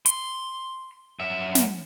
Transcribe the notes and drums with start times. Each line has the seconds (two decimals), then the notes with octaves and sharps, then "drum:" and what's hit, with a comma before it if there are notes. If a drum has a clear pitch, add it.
0.06 C6, drum: hi-hat
1.20 F#2 E5
1.55 drum: snare